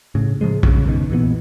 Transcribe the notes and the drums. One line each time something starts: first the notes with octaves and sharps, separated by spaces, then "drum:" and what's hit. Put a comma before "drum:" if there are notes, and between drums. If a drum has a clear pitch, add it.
A2 C#3
A2 C#3 F3 G#3
C#3, drum: kick
C#2 F#2 B2 D#3
A#2 E3 F3 B3